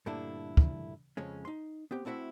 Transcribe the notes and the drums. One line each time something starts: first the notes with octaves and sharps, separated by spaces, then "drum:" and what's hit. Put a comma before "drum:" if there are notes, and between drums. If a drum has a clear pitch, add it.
G2 A#2 D3 A3 D4 E4
drum: kick
F2 C#3 G#3 C#4
D#4 C6
B3 C4 G4
A3 C4 E4 F#4 E5